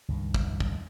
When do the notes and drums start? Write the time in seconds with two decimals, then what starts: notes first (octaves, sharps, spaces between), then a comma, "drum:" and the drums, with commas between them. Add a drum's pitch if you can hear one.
0.08 C#2 G2 D#3
0.34 drum: kick
0.60 drum: kick